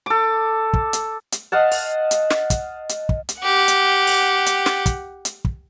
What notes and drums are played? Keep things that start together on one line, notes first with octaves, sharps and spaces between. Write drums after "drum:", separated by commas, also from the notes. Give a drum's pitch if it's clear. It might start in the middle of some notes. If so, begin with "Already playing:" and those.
A4 D6
drum: kick
drum: hi-hat
drum: hi-hat
D#5 F5 F#5 A5
drum: open hi-hat
drum: hi-hat
drum: snare
drum: kick, hi-hat
drum: hi-hat
drum: kick
drum: hi-hat
G4 F#5
drum: hi-hat
drum: open hi-hat
drum: hi-hat
drum: snare
drum: kick, hi-hat
drum: hi-hat
drum: kick